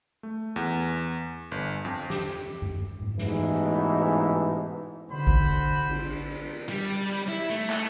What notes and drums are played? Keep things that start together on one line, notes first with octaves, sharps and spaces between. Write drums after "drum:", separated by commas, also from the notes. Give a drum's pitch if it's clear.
A3
E2
G1
F2
G4, drum: snare
drum: tom F#2
drum: tom G#2
A1 G#2 B2 E3, drum: snare
D3 F#4 C5 B5
drum: kick G#1
drum: cymbal
drum: cymbal
G3
E4, drum: hi-hat
A3
A3, drum: clap